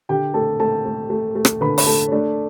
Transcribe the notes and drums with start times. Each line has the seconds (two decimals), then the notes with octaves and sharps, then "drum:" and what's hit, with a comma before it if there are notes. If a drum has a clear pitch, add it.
0.09 D3 G4 G5
0.34 A3 A4 A5
0.60 A3 A4 A5
0.86 A3
1.10 A3
1.35 A3
1.45 drum: rim click
1.61 D3 B4 B5
1.78 B5, drum: open hi-hat
1.86 A3 A4 A5
2.08 C#5
2.11 A3 D4 D5